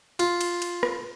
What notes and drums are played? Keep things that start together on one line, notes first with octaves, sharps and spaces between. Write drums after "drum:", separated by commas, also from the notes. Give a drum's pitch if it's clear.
F4, drum: cymbal
drum: cymbal
drum: cymbal
drum: rim click